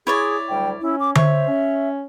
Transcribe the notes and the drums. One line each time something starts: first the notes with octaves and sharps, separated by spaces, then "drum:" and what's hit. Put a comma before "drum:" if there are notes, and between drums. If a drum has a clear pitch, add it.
E4 G#4 C#5 D5
D2 F#3 G3 G5
C#4 E4
D6
C5 C#5 E5, drum: tom D3
C#4